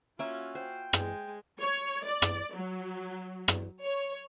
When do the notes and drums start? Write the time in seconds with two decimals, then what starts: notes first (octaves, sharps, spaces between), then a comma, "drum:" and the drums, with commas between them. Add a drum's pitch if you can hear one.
0.19 A#3 C#4 F4 F#4 E5
0.55 C5 G5
0.93 G#3 G#5, drum: rim click
1.59 C#5
2.04 D5
2.22 drum: rim click
2.54 F#3
3.48 drum: rim click
3.83 C#5